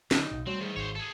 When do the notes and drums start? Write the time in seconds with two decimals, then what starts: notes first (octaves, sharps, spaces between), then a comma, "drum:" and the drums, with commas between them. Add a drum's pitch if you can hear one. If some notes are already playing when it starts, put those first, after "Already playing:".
0.11 D3 F#3 D#4, drum: snare
0.31 B1 B2
0.47 F#3 G3 A3 C4
0.61 G#2 D#3 E3
0.76 G#1 C5 C#5
0.95 G#4 A4